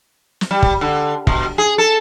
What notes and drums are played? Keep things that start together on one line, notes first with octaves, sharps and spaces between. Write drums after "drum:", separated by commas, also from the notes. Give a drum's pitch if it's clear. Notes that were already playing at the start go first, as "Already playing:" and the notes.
drum: snare
G3
drum: kick
D3
B2, drum: kick
G#4
A4